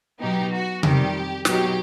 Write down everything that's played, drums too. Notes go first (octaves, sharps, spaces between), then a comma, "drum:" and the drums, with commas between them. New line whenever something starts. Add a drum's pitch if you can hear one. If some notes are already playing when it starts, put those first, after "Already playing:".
B2 F#3 B3 D#4 G4
F#4
F2 C3 D#3 G3 G4, drum: tom C3
B2 F#3 B3 D#4 G4, drum: snare